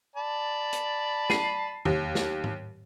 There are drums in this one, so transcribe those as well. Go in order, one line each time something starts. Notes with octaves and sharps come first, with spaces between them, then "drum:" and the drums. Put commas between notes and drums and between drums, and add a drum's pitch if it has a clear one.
D5 A5 B5
drum: hi-hat
C7 D#7, drum: snare
D#2, drum: tom E2
drum: snare
drum: tom G#2